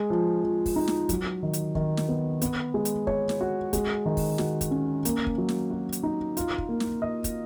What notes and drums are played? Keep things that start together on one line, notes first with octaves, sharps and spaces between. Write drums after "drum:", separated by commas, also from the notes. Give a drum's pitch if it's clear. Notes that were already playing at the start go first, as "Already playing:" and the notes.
Already playing: G#3
F3
F3
drum: kick, open hi-hat
D#4
drum: snare
F#3, drum: kick, hi-hat
D#3
drum: hi-hat
D#3, drum: kick
drum: snare
B3
B3, drum: hi-hat
G#3
drum: hi-hat
C#5, drum: kick
drum: snare
F#4
G#3, drum: kick, hi-hat
D#3
drum: kick, open hi-hat
F#4, drum: snare
drum: kick, hi-hat
C#4
A#3, drum: hi-hat
drum: kick
F#3
drum: snare
F#4
drum: hi-hat
D#4
F4, drum: hi-hat
drum: kick
A#3
drum: snare
D#5
drum: kick, hi-hat